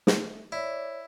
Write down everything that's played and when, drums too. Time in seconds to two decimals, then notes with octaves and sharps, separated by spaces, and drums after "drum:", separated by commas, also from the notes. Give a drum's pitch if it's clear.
0.07 drum: snare
0.19 A3
0.52 E4 C#5 D5